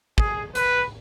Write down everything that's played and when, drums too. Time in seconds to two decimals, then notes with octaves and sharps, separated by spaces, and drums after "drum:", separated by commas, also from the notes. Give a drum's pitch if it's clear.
0.18 G#4, drum: kick
0.55 B4, drum: hi-hat